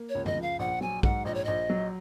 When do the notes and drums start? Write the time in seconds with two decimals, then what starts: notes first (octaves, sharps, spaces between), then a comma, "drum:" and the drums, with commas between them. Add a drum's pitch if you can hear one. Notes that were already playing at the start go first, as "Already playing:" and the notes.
Already playing: A#3
0.09 C#5
0.15 C#2
0.26 D#5, drum: tom F#2
0.37 F3
0.42 F5
0.59 A#1 F#5
0.81 F#3 G#5
1.03 G#2 F#5, drum: kick
1.25 A#1 D#5
1.35 C#5
1.45 A#1 D#5
1.70 F#3